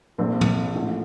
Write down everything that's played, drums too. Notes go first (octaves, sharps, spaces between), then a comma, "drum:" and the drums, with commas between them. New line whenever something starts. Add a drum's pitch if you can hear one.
A#1 A#2 F3 C4
drum: tom
A1 A2 F3